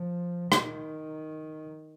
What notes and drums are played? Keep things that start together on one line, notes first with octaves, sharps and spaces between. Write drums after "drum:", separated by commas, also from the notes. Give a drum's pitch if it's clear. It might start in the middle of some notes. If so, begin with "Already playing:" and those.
Already playing: F3
D#3, drum: rim click